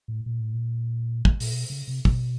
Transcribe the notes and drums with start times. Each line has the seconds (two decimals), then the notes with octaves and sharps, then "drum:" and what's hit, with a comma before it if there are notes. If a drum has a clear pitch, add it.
0.08 A2
0.26 A#2
0.40 A2
0.53 A#2
1.25 drum: kick
1.40 A#2, drum: open hi-hat
1.52 B2
1.70 C#3
1.88 C3
2.05 B2, drum: kick